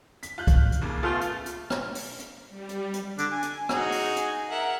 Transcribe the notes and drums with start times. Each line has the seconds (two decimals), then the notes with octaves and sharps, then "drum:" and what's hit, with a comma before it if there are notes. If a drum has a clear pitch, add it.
0.23 B6, drum: hi-hat
0.38 F4 F#6 G6
0.47 drum: kick C2, hi-hat
0.72 drum: hi-hat
0.82 D#2 C#3 A#3
1.03 A3 B3 F4 G#4 A4
1.21 drum: hi-hat
1.46 drum: hi-hat
1.70 drum: rim click
1.95 drum: open hi-hat
2.20 drum: hi-hat
2.50 G3
2.69 drum: hi-hat
2.93 drum: hi-hat
3.18 D3 D4, drum: hi-hat
3.31 G#5
3.43 drum: hi-hat
3.69 D#4 F#4 G#4, drum: rim click
3.92 drum: open hi-hat
4.16 drum: hi-hat
4.49 A#4 E5 F#5